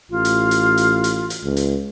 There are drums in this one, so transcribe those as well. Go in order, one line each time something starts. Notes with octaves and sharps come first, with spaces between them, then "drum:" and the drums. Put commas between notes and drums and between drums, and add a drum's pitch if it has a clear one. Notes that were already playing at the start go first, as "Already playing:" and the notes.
A1 F4
drum: hi-hat
drum: hi-hat
drum: hi-hat
drum: hi-hat
drum: hi-hat
C#2
drum: hi-hat